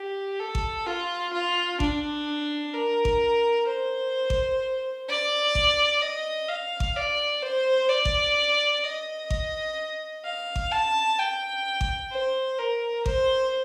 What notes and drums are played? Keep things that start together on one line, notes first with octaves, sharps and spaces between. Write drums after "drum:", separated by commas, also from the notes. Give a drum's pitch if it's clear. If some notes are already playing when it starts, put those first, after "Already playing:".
Already playing: G4
A4
drum: kick G#1
F4
F4
D4, drum: kick G#1
A#4
drum: kick G#1
C5
drum: kick G#1
D5
drum: kick G#1
D#5
F5
drum: kick G#1
D5
C5
D5
drum: kick G#1
D#5
drum: kick G#1
F5
drum: kick G#1
A5
G5
drum: kick G#1
C5
A#4
C5, drum: kick G#1